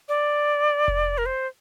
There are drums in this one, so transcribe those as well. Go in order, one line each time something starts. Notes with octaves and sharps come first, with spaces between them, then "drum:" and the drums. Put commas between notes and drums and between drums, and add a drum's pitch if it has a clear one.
D5
drum: kick F1
A#4
C5